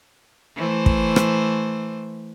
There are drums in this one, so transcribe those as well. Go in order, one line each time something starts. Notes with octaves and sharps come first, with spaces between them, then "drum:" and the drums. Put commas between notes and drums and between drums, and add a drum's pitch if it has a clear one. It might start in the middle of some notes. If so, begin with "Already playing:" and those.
E3 A3 C5
drum: kick
drum: rim click